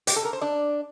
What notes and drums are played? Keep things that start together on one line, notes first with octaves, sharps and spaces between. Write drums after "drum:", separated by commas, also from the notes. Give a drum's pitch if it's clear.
G4, drum: hi-hat
A4
A#4
C5
D4 D5